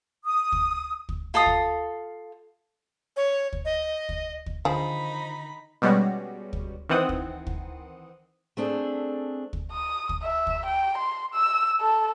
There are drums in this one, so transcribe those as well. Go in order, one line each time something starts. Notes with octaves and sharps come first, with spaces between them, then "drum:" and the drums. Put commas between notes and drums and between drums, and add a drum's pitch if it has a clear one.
D#6
drum: kick
drum: kick
F4 A4 F5 D#6
drum: kick
C#5
drum: kick
D#5
drum: kick
drum: kick
D3 D#3 F3 D#4 G#4 B5
B2 G3 G#3 C#4 F#4
drum: kick
D#3 E3 C4 F#5 D#6
drum: kick
drum: kick
A3 C4 D4 G#4
drum: kick
D#6
drum: kick
E5
drum: kick
G5
C6
E6
A4